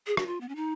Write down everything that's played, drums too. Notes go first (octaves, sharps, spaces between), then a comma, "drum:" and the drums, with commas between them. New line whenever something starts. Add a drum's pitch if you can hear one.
G#4
F#4, drum: rim click
F4
B3
C#4
D#4